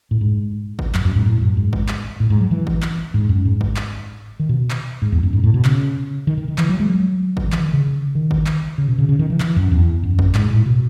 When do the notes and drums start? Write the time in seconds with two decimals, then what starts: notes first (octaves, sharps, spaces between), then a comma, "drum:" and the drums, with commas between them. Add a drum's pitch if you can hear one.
0.11 A2
0.21 G#2
0.79 drum: kick G1
0.95 F#2, drum: clap
1.05 F#2
1.15 G#2
1.26 A2
1.41 F#2
1.57 G#2
1.73 drum: kick G1
1.88 drum: clap
2.20 A2
2.30 G#2
2.41 F#3
2.51 E3
2.67 drum: kick G1
2.82 drum: clap
3.14 G#2
3.29 F#2
3.45 G#2
3.61 drum: kick G1
3.76 drum: clap
4.40 D#3
4.49 B2
4.70 drum: clap
5.02 G#2
5.12 E2
5.23 F#2
5.33 G#2
5.44 A2
5.54 B2
5.65 C#3, drum: clap
6.27 D#3
6.38 D#3
6.48 D#3
6.58 E3, drum: clap
6.69 F#3
6.80 G#3
6.90 F#3
7.37 drum: kick G1
7.46 D#3
7.52 E3, drum: clap
7.63 D#3
7.73 C#3
8.15 D#3
8.31 drum: kick G1
8.46 drum: clap
8.78 C#3
8.88 B2
8.98 C#3
9.09 C#3
9.19 D#3
9.30 E3
9.40 E3, drum: clap
9.56 F#2
9.72 E2
10.03 F#2
10.19 drum: kick G1
10.35 G#2, drum: clap
10.50 A2
10.66 B2